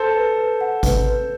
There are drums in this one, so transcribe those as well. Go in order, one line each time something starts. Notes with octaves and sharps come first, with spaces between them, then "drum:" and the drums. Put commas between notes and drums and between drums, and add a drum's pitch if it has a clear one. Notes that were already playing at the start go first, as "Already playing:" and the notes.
Already playing: A4 C5
B4
B4
F#5
B4, drum: kick G#1, hi-hat
B4